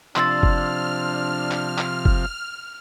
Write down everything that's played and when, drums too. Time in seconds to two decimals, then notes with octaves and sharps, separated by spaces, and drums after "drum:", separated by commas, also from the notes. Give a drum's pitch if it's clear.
0.16 C3 F3 D4 C6 E6 F6 A6, drum: clap
0.43 drum: kick F#1
1.51 drum: clap
1.78 drum: clap
2.05 drum: kick F#1